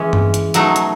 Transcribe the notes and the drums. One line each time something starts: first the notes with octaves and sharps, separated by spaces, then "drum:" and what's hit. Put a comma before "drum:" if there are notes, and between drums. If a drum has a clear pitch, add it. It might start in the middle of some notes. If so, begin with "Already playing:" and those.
Already playing: E3 G#3 C#4
drum: tom G2
drum: hi-hat
B2 F#3 A3 D#4, drum: hi-hat
drum: hi-hat